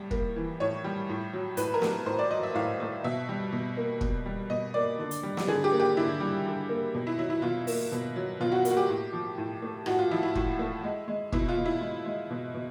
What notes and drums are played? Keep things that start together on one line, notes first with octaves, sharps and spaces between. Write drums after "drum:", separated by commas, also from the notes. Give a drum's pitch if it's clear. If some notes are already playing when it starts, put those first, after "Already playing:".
Already playing: A2 G3
A#3, drum: kick
E3
A2 C#5
G3
A2
F#3
A2 B4, drum: hi-hat
A#4
A3, drum: snare
A2 C5
D5
F#3 D#5
E5
A2 F5
A3
B2 E5
G3
B2
A#3
B2, drum: kick
G3
B2 D#5
A#3 D5
D3
drum: hi-hat
G3
drum: snare
D3 G#4
G4
A#3
G4
D3 E4
G3
D3
A#3
B2
E4
F#3 E4
E4
B2 F4
A#3, drum: open hi-hat
B2
F#3
B2 F4
F#4
A#3, drum: hi-hat
F#4
G4
A2
F3
A2
A3
A2 F#4, drum: rim click
F4
F3 E4
E4
A2, drum: kick
A3
G#3
G#3
B2 E4, drum: kick
F4
B2
E4
G#3
G#3
B2
B2